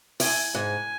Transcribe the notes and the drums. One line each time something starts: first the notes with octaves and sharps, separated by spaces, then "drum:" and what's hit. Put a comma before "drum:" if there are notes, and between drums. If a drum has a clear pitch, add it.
A2 G#5, drum: open hi-hat
G#2 G#5